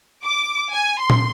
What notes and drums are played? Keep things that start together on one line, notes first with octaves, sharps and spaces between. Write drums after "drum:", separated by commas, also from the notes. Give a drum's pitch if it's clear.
D6
G#5
C6
drum: tom A#2